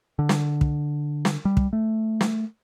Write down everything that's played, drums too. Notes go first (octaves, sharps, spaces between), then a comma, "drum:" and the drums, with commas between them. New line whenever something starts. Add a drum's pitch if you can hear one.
D3
drum: snare
drum: kick
drum: snare
G3
drum: kick
A3
drum: snare